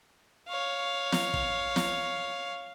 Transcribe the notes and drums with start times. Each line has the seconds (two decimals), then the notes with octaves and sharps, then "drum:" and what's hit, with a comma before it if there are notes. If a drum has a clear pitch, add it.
0.49 C#5 F5
1.12 drum: snare
1.34 drum: kick
1.76 drum: snare